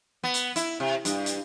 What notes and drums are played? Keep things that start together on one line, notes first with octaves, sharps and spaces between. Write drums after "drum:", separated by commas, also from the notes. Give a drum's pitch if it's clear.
B3
drum: hi-hat
E4, drum: hi-hat
C3
G2, drum: hi-hat
drum: hi-hat